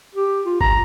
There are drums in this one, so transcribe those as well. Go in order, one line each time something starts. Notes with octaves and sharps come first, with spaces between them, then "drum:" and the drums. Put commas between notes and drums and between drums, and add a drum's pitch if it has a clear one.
G4
F4
A#5, drum: kick G1